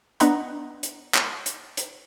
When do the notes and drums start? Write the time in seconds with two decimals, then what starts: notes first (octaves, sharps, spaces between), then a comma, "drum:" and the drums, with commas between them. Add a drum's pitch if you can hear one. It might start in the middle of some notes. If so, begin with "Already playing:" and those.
0.20 B3 D4 B4 D#5 F#5 A#5, drum: hi-hat
0.83 drum: hi-hat
1.14 drum: clap
1.46 drum: hi-hat
1.77 drum: hi-hat